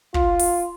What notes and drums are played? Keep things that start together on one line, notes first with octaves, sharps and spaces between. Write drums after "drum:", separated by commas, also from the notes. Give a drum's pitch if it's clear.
F4, drum: kick
drum: open hi-hat